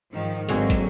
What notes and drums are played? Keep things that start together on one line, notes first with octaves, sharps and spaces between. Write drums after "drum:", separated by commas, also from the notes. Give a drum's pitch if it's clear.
G#2 D#3 F3
G#1 D3 F#3 G#3 A#3 C4 F#4 G#4, drum: hi-hat
drum: kick, hi-hat